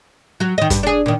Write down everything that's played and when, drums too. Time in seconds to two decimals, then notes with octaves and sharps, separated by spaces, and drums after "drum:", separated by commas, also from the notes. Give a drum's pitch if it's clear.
0.40 F#3 F#4
0.58 D#3 D#5
0.70 G2, drum: kick, hi-hat
0.83 D4 G#4
1.06 A#2 D#3